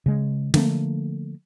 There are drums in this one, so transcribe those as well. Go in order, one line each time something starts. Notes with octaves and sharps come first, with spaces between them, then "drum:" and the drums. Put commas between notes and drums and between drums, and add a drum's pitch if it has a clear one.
C#3 G#3
D3 F3 A3 A#3, drum: snare